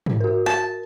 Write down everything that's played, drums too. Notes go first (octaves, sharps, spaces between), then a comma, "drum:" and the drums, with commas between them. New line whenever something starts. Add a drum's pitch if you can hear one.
drum: tom G#2
F#4 A#4
A5